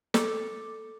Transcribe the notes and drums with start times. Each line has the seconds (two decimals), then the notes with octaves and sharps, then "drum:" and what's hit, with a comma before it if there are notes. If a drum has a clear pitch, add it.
0.14 A4 D6, drum: snare